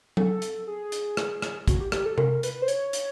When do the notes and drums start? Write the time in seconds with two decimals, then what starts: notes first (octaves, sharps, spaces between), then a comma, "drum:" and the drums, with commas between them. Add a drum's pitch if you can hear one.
0.17 A4, drum: tom F#3
0.42 drum: hi-hat
0.67 G#4
0.92 drum: hi-hat
1.17 drum: rim click
1.42 drum: rim click
1.68 F#4, drum: kick A1, hi-hat
1.80 G4
1.92 G4, drum: rim click
2.06 A4
2.18 A#4, drum: tom C3
2.43 B4, drum: hi-hat
2.62 C5
2.68 C#5, drum: hi-hat
2.93 drum: hi-hat